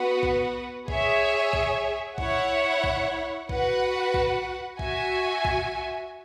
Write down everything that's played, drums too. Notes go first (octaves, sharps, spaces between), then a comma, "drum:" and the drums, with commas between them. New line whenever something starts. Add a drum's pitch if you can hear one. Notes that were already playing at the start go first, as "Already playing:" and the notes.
Already playing: B3 F#4 B4 F#5
drum: kick B1
G#4 C#5 E5, drum: kick B1
drum: kick B1
E4 C#5 F#5, drum: kick B1
drum: kick B1
F#4 B4 F#5, drum: kick B1
drum: kick B1
F#4 E5 G#5, drum: kick B1
drum: kick B1